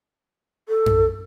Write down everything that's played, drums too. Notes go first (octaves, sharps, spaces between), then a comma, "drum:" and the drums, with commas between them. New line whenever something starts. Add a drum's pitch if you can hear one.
A4
drum: tom F#2